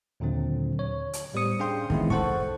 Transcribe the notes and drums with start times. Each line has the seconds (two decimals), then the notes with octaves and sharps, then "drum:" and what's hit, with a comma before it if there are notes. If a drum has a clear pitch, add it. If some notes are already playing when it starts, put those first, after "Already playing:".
0.20 D#2 A#2 D3 F#3 C4
0.79 C#5
1.13 drum: hi-hat
1.34 A2 G3 B3 C5 D#6 C#7
1.59 C#4 D4 G#4 F5 G5 C6
1.90 D#3 E3 G#3 B3 C4 E4, drum: kick
2.10 A4 C5 F#5 A5 C#6, drum: kick